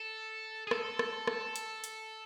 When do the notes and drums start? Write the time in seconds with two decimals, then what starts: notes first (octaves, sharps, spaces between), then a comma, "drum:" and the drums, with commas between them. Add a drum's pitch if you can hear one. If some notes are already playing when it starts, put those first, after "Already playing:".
Already playing: A4
0.67 G#4
0.71 A4, drum: rim click
0.99 drum: rim click
1.27 drum: rim click
1.56 drum: hi-hat
1.84 drum: hi-hat